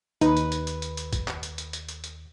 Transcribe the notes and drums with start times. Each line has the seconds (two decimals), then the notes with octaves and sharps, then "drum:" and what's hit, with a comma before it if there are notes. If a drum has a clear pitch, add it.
0.21 D#2 D#4 B4, drum: hi-hat
0.37 drum: hi-hat
0.52 drum: hi-hat
0.67 drum: hi-hat
0.82 drum: hi-hat
0.97 drum: hi-hat
1.13 drum: kick, hi-hat
1.28 drum: clap
1.43 drum: hi-hat
1.58 drum: hi-hat
1.73 drum: hi-hat
1.89 drum: hi-hat
2.04 drum: hi-hat